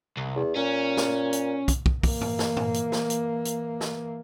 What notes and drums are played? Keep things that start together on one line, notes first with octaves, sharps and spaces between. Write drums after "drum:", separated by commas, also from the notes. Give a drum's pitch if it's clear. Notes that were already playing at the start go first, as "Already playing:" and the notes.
C2
E2
A#2 C#4
drum: snare
drum: hi-hat
drum: kick, hi-hat
drum: kick
E3 A#3, drum: kick, open hi-hat
drum: tom G2
drum: snare
drum: tom G2
drum: hi-hat
drum: snare
drum: hi-hat
drum: hi-hat
drum: snare